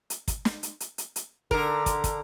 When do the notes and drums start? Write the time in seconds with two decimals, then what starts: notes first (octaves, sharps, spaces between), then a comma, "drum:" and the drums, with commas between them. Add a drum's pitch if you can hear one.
0.10 drum: hi-hat
0.28 drum: kick, hi-hat
0.45 drum: snare
0.63 drum: hi-hat
0.80 drum: hi-hat
0.98 drum: hi-hat
1.16 drum: hi-hat
1.51 D3 A#4, drum: kick
1.86 drum: kick, hi-hat
2.04 drum: kick, hi-hat